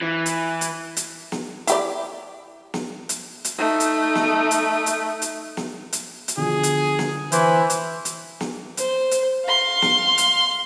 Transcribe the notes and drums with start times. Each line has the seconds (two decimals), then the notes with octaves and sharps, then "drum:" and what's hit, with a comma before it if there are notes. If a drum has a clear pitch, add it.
0.02 E3
0.26 drum: hi-hat
0.61 drum: hi-hat
0.97 drum: hi-hat
1.32 drum: snare
1.67 E4 G4 D5, drum: hi-hat
2.74 drum: snare
3.09 drum: hi-hat
3.45 drum: hi-hat
3.58 A3 D#4
3.80 drum: hi-hat
4.15 drum: snare
4.51 drum: hi-hat
4.86 drum: hi-hat
5.22 drum: hi-hat
5.57 drum: snare
5.93 drum: hi-hat
6.28 drum: hi-hat
6.37 B2 D3 F3 G#4
6.63 drum: hi-hat
6.99 drum: snare
7.32 E3 E4 C5, drum: hi-hat
7.70 drum: hi-hat
8.05 drum: hi-hat
8.41 drum: snare
8.77 C5, drum: hi-hat
9.11 drum: hi-hat
9.45 F5 C6
9.82 drum: snare
10.18 drum: hi-hat